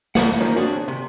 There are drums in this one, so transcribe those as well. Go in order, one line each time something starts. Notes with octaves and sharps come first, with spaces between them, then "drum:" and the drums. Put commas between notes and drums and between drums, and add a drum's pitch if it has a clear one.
F#5, drum: snare
D#3 F3 A#3 C#4
C4 D4 F#4 G#4
C3